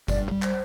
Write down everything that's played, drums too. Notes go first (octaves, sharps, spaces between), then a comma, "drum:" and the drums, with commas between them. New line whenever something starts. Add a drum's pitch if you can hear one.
G2 D5, drum: kick F#1, tambourine
G3
C5, drum: clap